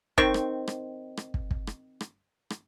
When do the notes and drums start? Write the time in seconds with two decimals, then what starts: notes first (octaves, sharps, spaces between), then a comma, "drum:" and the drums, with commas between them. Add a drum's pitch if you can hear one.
0.18 D#3 C4 C#6, drum: kick
0.34 drum: rim click
0.67 drum: rim click
1.17 drum: rim click
1.34 drum: kick
1.51 drum: kick
1.67 drum: rim click
2.01 drum: rim click
2.50 drum: rim click